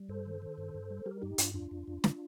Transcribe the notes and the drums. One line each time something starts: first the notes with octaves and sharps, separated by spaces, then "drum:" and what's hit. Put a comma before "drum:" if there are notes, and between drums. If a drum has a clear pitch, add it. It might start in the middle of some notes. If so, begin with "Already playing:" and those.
Already playing: G3
G2 A4 C5
D#3
D#3
G2
G2
G3
G3 G4 A#4
G2 D#4 G4
G2 D4 F4, drum: hi-hat
F2 D4 F4
F2
F2
drum: snare